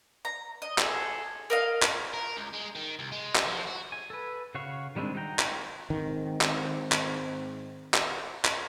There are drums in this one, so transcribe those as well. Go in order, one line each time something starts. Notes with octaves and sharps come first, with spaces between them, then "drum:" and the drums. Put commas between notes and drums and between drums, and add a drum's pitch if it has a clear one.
A#5
D#5
G#4 A4, drum: clap
A#4 D#5 F5
drum: clap
A#4
C#2
G#3
D#3
C2
G#3
drum: clap
F3
F#4
G#5
A4 B4
C#3 F#4 C#5 F5 C#6
D#3 G3 G#3 C4 D4
D#4 F#4 G5 A#5
drum: clap
G#2 D#3 C4
drum: clap
drum: clap
drum: clap
drum: clap